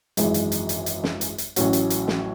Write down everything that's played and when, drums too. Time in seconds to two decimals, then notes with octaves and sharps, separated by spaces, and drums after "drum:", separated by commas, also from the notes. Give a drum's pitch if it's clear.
0.17 G#1 F#2 E3 G#3, drum: hi-hat
0.34 drum: hi-hat
0.52 drum: hi-hat
0.69 drum: hi-hat
0.86 drum: hi-hat
1.04 drum: snare
1.21 drum: hi-hat
1.38 drum: hi-hat
1.56 A1 A2 F#3 C#4 F#4, drum: hi-hat
1.73 drum: hi-hat
1.90 drum: hi-hat
2.08 drum: snare